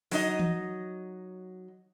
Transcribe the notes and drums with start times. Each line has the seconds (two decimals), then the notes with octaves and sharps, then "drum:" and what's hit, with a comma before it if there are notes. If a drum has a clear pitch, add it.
0.11 F#3 D#4 D#5, drum: open hi-hat
0.40 drum: tom E3